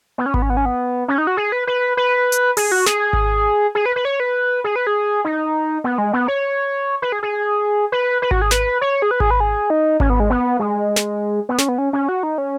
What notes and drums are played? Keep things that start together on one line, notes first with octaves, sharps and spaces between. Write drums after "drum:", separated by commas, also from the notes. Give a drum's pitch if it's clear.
B3
C#4
B3, drum: kick G#1
C#4
B3
C#4
B3
C#4
D#4
F#4
G#4
B4
B4
B4
drum: hi-hat
G#4, drum: open hi-hat
F#4
G#4, drum: snare
drum: kick G#1
G#4
B4
B4
C#5
B4
G#4
B4
G#4
D#4
B3
G#3
B3
C#5
B4
G#4
G#4
B4
B4
F#4, drum: kick G#1
G#4
B4, drum: snare
C#5
G#4
B4
G#4, drum: kick G#1
B4
G#4
D#4
C#4, drum: kick G#1
B3
G#3
B3
G#3
drum: snare
B3
C#4, drum: snare
B3
C#4
C#4
F#4
D#4
C#4